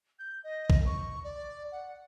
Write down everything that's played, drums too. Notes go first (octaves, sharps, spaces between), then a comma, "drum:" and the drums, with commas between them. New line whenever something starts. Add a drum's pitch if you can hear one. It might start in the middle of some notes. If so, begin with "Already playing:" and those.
G6
D#5
drum: kick
C#6
D5
F#5